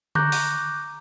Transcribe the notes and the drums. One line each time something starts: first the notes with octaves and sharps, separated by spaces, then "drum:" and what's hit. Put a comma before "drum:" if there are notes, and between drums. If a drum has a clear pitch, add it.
A#5 C#6 D6 F#6 G6 A#6, drum: tom D3
drum: open hi-hat